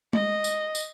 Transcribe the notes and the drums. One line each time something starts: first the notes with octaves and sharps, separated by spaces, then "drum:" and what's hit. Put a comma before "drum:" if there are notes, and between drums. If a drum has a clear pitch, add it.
D#5, drum: tom G#3
drum: tambourine
drum: tambourine